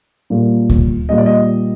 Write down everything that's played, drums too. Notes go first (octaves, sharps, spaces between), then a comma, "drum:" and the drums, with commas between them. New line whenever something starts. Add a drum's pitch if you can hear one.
A#2 G3 A#3
drum: kick D2
A#2 G3 A#3 D#5
D5
D#5